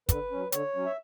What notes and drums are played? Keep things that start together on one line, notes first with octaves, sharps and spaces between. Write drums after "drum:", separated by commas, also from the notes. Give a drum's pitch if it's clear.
D3 B4, drum: kick, hi-hat
F#3 C#4
D3 C#5, drum: hi-hat
F#3 C#4
E5